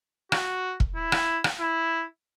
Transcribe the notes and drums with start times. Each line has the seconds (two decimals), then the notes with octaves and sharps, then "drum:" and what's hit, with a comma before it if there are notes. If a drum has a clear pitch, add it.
0.32 F#4, drum: rim click
0.80 drum: kick
0.96 E4
1.12 drum: rim click
1.44 drum: rim click
1.60 E4